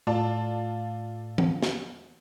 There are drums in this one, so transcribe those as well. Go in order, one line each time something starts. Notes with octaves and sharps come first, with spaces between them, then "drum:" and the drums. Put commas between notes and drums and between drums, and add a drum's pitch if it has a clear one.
A2 A3 F4 D5 A5
drum: tom E3
drum: snare